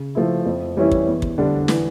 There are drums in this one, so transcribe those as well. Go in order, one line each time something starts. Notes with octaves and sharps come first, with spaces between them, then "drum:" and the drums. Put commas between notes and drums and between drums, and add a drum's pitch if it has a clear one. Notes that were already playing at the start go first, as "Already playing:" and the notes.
Already playing: C#3
F3 A3 E4
F2
E3 G3 C#4 E4
drum: kick
E2
drum: kick
D3 G3 D4
E3, drum: snare